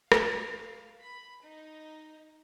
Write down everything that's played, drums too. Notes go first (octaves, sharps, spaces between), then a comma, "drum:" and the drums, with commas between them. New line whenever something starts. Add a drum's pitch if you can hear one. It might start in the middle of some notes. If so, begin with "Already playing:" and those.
F5, drum: rim click
B5
D#4